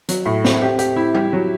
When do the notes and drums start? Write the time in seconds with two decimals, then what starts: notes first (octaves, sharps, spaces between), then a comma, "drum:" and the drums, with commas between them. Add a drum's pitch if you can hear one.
0.09 F#3, drum: hi-hat
0.26 A2
0.44 C4, drum: snare
0.62 G4
0.79 G4, drum: hi-hat
0.96 E4
1.14 G4, drum: tom G3
1.33 F#3